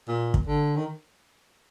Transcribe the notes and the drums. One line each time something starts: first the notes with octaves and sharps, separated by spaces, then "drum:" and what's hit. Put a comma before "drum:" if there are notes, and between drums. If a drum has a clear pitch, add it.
A#2
drum: kick
D3
D#3